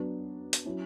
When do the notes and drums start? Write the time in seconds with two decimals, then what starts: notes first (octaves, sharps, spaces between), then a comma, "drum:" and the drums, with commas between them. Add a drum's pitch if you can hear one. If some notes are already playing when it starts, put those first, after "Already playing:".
Already playing: F#3 B3 D4
0.53 drum: hi-hat
0.65 F#3 C#4 E4